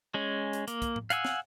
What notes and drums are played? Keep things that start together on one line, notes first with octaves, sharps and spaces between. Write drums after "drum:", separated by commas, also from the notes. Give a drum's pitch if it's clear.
G#3 C#4
drum: hi-hat
A#3, drum: hi-hat
drum: kick, hi-hat
drum: tom A2
F5 F#5 G#5 E6, drum: hi-hat
drum: snare